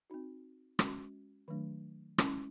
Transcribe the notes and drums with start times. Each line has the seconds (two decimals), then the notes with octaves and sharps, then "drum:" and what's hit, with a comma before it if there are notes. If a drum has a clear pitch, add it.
0.10 C4 D#4 F#4
0.79 G#3 C#4 F#4, drum: rim click
1.48 D#3 F#3 A3 D4
2.18 G#3 C#4 E4, drum: rim click